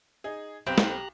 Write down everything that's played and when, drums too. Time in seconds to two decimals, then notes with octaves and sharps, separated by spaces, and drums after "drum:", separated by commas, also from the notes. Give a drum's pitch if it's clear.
0.24 D#4 G#4
0.67 B1 C4 G4 B4 A#5 F#6
0.78 drum: snare